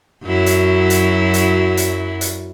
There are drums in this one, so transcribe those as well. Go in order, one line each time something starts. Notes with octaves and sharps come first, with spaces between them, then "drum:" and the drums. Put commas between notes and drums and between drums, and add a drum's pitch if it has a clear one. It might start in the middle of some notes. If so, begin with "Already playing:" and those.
F#2 F#3 E4
drum: hi-hat
drum: hi-hat
drum: hi-hat
drum: hi-hat
drum: hi-hat